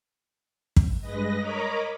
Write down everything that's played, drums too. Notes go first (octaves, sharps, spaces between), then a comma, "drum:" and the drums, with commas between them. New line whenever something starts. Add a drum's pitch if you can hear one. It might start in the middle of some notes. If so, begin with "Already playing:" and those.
drum: kick
G2 G#3 B4 D#5 A#6
A#4 C#5 D#5 A#5 B5 D6